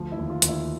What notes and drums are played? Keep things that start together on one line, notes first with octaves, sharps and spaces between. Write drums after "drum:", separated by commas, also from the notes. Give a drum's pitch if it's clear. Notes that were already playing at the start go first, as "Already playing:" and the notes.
Already playing: D2 F3
E4
D#2
F4
D#2, drum: hi-hat
E4